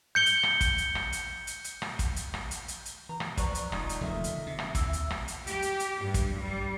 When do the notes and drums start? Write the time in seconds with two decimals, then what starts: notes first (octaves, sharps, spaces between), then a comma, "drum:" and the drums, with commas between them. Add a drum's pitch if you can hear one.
0.15 G6 C#7 G7
0.26 drum: hi-hat
0.43 drum: rim click
0.61 drum: kick, hi-hat
0.78 drum: hi-hat
0.95 drum: rim click
1.13 drum: hi-hat
1.47 drum: hi-hat
1.64 drum: hi-hat
1.82 drum: rim click
1.99 drum: kick, hi-hat
2.16 drum: hi-hat
2.34 drum: rim click
2.51 drum: hi-hat
2.68 drum: hi-hat
2.86 drum: hi-hat
3.09 E3 A#5
3.20 drum: rim click
3.37 F3 B4 D5 A#5 C#6, drum: kick, hi-hat
3.55 drum: hi-hat
3.72 E1 G#3 D#4 F4 D#6, drum: rim click
3.89 drum: hi-hat
4.01 F1 D#2 A#2 D3 E5
4.24 drum: hi-hat
4.46 C3
4.59 drum: rim click
4.75 D#2 E3, drum: kick, hi-hat
4.93 drum: hi-hat
5.10 drum: rim click
5.28 drum: hi-hat
5.47 G4, drum: hi-hat
5.62 drum: hi-hat
5.80 drum: hi-hat
6.03 G2
6.14 drum: kick, hi-hat
6.40 G3